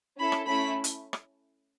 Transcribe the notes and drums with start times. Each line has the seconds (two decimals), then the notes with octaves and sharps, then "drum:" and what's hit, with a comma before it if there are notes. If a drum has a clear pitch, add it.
0.17 C#4 E4 A4 B5
0.32 drum: rim click
0.46 A3 C#4 E4 B5
0.84 drum: hi-hat
1.13 drum: rim click